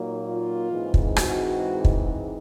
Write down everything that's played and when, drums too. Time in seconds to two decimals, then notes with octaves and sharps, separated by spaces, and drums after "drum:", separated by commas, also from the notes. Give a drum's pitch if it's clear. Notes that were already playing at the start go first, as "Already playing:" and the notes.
Already playing: A#2 F#3 A#3 D#4
0.25 F4
0.71 G#2 E3 G#3 C4 D#4
0.94 drum: kick
1.16 F#4, drum: rim click
1.85 drum: kick